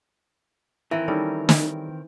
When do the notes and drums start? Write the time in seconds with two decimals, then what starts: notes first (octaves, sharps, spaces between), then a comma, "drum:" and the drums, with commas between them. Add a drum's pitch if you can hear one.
0.91 D#3 E3 C4 A#4
1.08 G3 C#4 D#4 A4
1.49 drum: snare